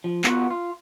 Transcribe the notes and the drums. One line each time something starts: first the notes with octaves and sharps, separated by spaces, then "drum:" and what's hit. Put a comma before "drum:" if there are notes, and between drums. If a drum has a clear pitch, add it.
F3
B3 F4 F#4, drum: clap
F4